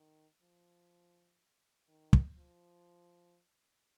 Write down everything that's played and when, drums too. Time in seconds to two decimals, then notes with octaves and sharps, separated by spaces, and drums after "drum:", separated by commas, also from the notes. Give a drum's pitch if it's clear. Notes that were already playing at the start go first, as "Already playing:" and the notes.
Already playing: D#3
0.42 F3
1.88 D#3
2.13 drum: kick
2.37 F3